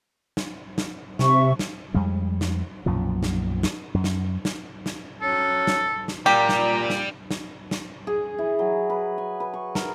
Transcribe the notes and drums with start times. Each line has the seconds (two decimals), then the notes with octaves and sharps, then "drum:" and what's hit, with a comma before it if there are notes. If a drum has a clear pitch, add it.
0.37 drum: snare
0.78 drum: snare
1.19 C3 E5 C#6, drum: snare
1.59 drum: snare
1.94 F2 G3 G#3
2.41 drum: snare
2.86 B1 F#2 A#2 F3
3.23 drum: snare
3.63 drum: snare
3.94 F#2
4.04 drum: snare
4.45 drum: snare
4.86 drum: snare
5.21 F#3 C#4 A4
5.67 drum: snare
6.08 drum: snare
6.26 A#2 G3 G4 A#5
6.49 drum: snare
6.90 drum: snare
7.31 drum: snare
7.71 drum: snare
8.07 G#4
8.38 E3
8.59 F#3
8.90 B4
9.18 G#5
9.40 B4
9.54 C#6
9.75 A#4, drum: snare